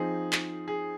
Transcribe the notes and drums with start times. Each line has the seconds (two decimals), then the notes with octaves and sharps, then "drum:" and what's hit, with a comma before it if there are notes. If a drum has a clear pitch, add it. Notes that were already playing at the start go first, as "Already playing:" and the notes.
Already playing: F3 C4 D#4 G#4
0.33 drum: clap
0.68 G#4